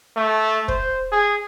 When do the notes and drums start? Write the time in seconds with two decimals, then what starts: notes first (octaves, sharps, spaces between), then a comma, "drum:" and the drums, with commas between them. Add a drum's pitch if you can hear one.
0.16 A3
0.68 C5, drum: kick
1.12 G#4